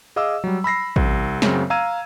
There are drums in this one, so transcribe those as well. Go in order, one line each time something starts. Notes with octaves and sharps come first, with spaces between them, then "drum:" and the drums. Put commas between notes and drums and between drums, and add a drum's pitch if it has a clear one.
G#4 D#5 F5 D6 E6
F#3 G3
B5 E6 A#6 C7
C2, drum: kick A1
F#2 C#3 F#3 C4, drum: snare
F5 A#5 E6 G#6 D#7